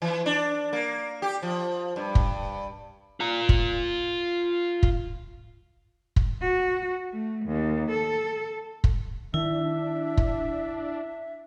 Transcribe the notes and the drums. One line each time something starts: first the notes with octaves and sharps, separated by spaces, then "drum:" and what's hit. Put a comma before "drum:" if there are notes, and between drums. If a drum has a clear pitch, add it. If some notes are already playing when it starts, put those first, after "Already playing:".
E3
D4
A#3
G4
F3
G2
drum: kick
F4 A#5
drum: kick
drum: kick
drum: kick
F#4
A3
D#2
A4
drum: kick
D#3 D4 E4 E5
drum: kick